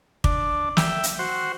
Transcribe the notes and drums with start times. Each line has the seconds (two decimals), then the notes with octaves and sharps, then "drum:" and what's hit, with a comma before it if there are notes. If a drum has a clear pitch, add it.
0.24 D4, drum: kick
0.77 E5 G5, drum: snare
1.03 drum: hi-hat
1.19 F#4 C5